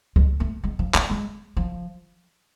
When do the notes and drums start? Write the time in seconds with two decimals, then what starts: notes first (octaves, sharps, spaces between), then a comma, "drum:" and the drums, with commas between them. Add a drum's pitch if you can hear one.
0.16 G#3, drum: kick C#2
0.40 A3
0.64 G#3
0.79 F3
0.94 A3, drum: clap
1.10 G#3
1.57 F3